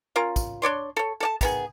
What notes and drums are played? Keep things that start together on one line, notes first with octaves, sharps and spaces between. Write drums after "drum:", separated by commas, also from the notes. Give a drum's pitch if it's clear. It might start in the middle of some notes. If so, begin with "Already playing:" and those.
C#4 F4 A#4
drum: kick, tambourine
D4 C#5 D5 C6
A4 C#5
A4 D5 A5
D#3 B3 G#4, drum: kick, tambourine